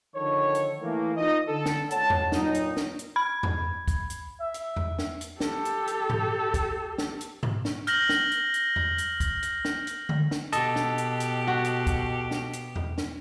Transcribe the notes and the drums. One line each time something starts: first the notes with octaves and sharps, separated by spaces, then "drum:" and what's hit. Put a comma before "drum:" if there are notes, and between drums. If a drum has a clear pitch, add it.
D3 D#3 F3 A4 C#5
drum: hi-hat
E3 A3 A#3
D#4 F4 D#5
D3 A4
drum: snare
C#2 C#5 F#5 A5, drum: hi-hat
drum: tom E2
G2 A#2 F#3 D#4, drum: snare
drum: hi-hat
drum: snare
drum: hi-hat
B5 G#6
drum: tom E2
drum: kick, hi-hat
drum: hi-hat
E5
drum: hi-hat
drum: tom E2
drum: snare
drum: hi-hat
G4 A4, drum: snare
drum: hi-hat
drum: hi-hat
drum: tom G#2
drum: kick, hi-hat
drum: snare
drum: hi-hat
drum: tom G#2
drum: snare
F6 G6 A#6 F#7, drum: hi-hat
drum: snare
drum: hi-hat
drum: hi-hat
drum: tom E2
drum: hi-hat
drum: kick, hi-hat
drum: hi-hat
drum: snare
drum: hi-hat
drum: tom D3
drum: snare
B2 G4 A4 D#5 A5, drum: hi-hat
drum: snare
drum: hi-hat
drum: hi-hat
F#4
drum: hi-hat
drum: kick, hi-hat
drum: snare
drum: hi-hat
drum: tom E2
drum: snare